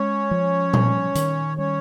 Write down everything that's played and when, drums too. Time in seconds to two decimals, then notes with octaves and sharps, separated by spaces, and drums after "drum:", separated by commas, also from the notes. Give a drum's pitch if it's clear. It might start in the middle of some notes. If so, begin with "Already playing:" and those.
Already playing: G#3 C#4 C#5
0.31 F3
0.73 G3, drum: tom A#2
1.15 D#3, drum: hi-hat
1.57 G3 C#4 C#5